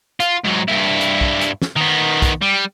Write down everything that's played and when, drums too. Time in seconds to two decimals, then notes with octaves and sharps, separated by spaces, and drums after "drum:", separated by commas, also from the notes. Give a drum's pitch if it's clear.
0.20 F4, drum: hi-hat
0.45 G#2 F#3
0.68 G2 E4
1.01 drum: hi-hat
1.21 drum: kick
1.41 drum: hi-hat
1.62 drum: snare
1.76 D#3 B3
2.22 drum: kick, hi-hat
2.41 G3